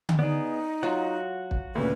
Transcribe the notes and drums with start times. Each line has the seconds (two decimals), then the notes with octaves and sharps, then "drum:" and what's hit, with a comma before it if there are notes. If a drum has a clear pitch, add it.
0.09 drum: tom D3
0.19 B3 D#4 G#4 D5
0.83 F#3 F4 F#4 F#5
1.51 drum: kick
1.75 D2 A#2 C#3 B4